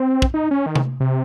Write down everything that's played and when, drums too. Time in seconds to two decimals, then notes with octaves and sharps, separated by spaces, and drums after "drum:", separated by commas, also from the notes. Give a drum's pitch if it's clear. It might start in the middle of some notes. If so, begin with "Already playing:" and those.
Already playing: C4
0.22 drum: kick
0.34 D#4
0.51 C#4
0.66 D#3
0.75 drum: tom C3
1.00 C3